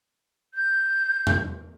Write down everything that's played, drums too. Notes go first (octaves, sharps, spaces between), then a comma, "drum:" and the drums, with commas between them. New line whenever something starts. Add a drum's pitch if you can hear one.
G6
drum: tom E2